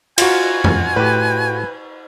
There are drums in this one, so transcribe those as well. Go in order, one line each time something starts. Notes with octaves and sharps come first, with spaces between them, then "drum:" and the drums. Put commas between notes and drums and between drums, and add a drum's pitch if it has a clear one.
F4 F#4 G#5, drum: cymbal
drum: tom F2
A2 G4 B4